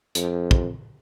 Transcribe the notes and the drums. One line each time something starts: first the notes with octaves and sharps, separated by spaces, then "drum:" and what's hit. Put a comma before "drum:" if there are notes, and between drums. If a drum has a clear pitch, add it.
F2, drum: hi-hat
drum: kick